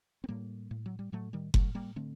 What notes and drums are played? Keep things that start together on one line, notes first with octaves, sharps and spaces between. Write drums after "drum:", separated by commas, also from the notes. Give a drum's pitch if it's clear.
C4
A2 G3 A#3
A2
F#3
G3
A2 F#3 A3
D#3 G3
A2 F#3 A3, drum: kick F#1
G3 A#3
D3 A3 C4